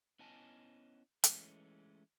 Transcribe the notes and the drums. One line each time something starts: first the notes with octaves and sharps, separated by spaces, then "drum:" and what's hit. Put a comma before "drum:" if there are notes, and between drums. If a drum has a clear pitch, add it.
B3 C#4 E4 D#5 G#5 A5
E3 G#3 A3 B3 C#4, drum: hi-hat